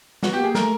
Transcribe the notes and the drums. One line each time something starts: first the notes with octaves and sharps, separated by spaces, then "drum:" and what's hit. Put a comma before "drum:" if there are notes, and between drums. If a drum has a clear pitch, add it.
B3 F#4, drum: snare
G4
A#3 G#4
A3 A#4, drum: snare